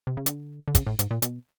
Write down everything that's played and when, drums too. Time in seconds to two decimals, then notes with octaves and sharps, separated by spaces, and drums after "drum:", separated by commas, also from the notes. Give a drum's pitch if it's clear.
0.07 C3
0.17 C#3
0.26 D3, drum: hi-hat
0.68 D3
0.75 C#3, drum: kick, hi-hat
0.87 A2
0.99 G#2, drum: hi-hat
1.11 A#2
1.22 B2, drum: hi-hat